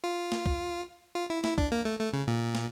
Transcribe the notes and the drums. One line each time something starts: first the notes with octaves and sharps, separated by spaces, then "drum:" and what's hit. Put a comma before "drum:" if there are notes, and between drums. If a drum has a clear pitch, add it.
F4
drum: snare
drum: kick
F4
E4
E4, drum: snare
D4, drum: kick
A#3
A3
A3
C#3
A#2
drum: snare